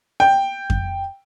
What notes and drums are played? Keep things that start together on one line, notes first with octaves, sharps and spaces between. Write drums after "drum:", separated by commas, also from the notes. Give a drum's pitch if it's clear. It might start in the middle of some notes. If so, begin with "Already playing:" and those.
G5
drum: kick F2